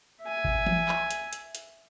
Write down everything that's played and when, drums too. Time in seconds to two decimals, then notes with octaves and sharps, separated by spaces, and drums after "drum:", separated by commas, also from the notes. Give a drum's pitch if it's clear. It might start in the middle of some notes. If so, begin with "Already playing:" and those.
0.22 E5 G#5
0.44 drum: kick G#1
0.66 drum: tom E3
0.88 drum: clap
1.11 drum: hi-hat
1.33 drum: hi-hat
1.55 drum: hi-hat